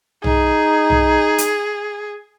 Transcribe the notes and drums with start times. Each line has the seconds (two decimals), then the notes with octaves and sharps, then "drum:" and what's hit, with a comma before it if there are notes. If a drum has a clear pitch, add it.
0.24 D#4 G#4, drum: tom B1
0.90 drum: tom B1
1.38 drum: hi-hat